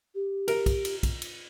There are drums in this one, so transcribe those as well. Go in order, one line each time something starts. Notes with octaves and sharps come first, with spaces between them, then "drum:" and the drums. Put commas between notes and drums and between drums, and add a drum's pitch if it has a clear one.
G4
A#4, drum: cymbal
drum: kick, cymbal
drum: cymbal
drum: kick, cymbal
drum: cymbal